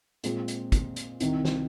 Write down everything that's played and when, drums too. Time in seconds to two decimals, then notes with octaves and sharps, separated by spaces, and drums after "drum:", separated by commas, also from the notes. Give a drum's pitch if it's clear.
0.24 A#2 G#3 C4, drum: hi-hat
0.48 drum: hi-hat
0.72 drum: kick, hi-hat
0.96 drum: hi-hat
1.20 C2 C3 D#3, drum: hi-hat
1.45 drum: snare